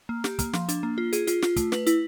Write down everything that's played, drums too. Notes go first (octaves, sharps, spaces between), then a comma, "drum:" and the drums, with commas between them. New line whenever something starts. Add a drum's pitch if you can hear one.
A#3
G4, drum: snare
A#3, drum: kick, hi-hat
F3, drum: snare
D4, drum: hi-hat
A#3
F4
G#4, drum: hi-hat
F4, drum: hi-hat
F4, drum: snare
A3, drum: kick, hi-hat
B4, drum: snare
E4, drum: hi-hat